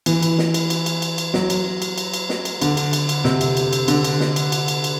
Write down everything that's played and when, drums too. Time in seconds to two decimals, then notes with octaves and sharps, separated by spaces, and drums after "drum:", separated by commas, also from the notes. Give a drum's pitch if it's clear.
0.06 E3, drum: cymbal
0.23 drum: cymbal
0.38 drum: snare
0.54 drum: cymbal
0.70 drum: cymbal
0.86 drum: cymbal
1.02 drum: cymbal
1.18 drum: cymbal
1.34 F#3, drum: snare
1.50 drum: cymbal
1.82 drum: cymbal
1.98 drum: cymbal
2.14 drum: cymbal
2.29 drum: snare
2.45 drum: cymbal
2.62 D3, drum: cymbal
2.77 drum: cymbal
2.93 drum: cymbal
3.09 drum: cymbal
3.24 C3, drum: snare
3.41 drum: cymbal
3.57 drum: cymbal
3.73 drum: cymbal
3.88 D3, drum: cymbal
4.04 drum: cymbal
4.20 drum: snare
4.36 drum: cymbal
4.52 drum: cymbal
4.68 drum: cymbal
4.84 drum: cymbal